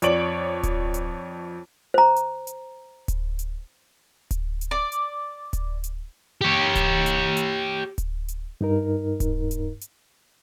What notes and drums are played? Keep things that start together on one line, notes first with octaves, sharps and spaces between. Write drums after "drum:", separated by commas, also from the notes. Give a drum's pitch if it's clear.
F2 C#5 D5 D7 F#7, drum: hi-hat
drum: kick D1, hi-hat
drum: hi-hat
C5 A#5
drum: hi-hat
drum: hi-hat
drum: kick D1, hi-hat
drum: hi-hat
drum: kick D1, hi-hat
drum: hi-hat
D5
drum: hi-hat
drum: kick D1, hi-hat
drum: hi-hat
G4 C#5
drum: kick D1, hi-hat
drum: hi-hat
drum: hi-hat
drum: kick D1, hi-hat
drum: hi-hat
G2 D#4 A#4
drum: kick D1, hi-hat
drum: hi-hat
drum: hi-hat